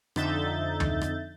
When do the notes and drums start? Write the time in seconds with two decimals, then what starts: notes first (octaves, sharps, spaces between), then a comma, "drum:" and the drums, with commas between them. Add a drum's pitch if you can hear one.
0.16 F2 D3 D#4 E5 G6 A6, drum: rim click
0.80 drum: tom D2
1.01 drum: rim click